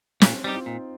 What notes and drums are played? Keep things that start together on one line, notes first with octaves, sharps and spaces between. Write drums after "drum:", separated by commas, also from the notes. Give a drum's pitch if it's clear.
A#2 D#4, drum: snare
C4
G3 C4 D#4 G4
F4
A#2 D#4